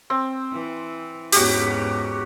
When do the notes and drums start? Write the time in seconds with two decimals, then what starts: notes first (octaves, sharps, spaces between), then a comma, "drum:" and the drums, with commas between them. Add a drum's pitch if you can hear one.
0.10 C4
0.51 E3
1.32 E2 G#2 C#3 F#4 G4, drum: open hi-hat